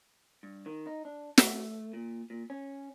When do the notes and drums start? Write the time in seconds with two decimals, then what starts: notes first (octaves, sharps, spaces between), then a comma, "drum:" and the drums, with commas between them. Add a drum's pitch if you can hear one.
0.43 G2
0.66 D#3
0.87 D#4
1.05 D4
1.38 A3, drum: snare
1.93 A#2
2.30 A#2
2.50 C#4